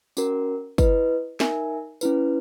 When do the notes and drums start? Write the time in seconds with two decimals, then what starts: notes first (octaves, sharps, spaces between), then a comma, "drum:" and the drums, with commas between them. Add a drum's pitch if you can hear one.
0.17 C#4 F#4 A#4, drum: tambourine
0.78 E4 B4 D#5, drum: kick, tambourine
1.40 D#4 A#4 E5 G#5, drum: snare
2.01 C#4 E4 B4, drum: tambourine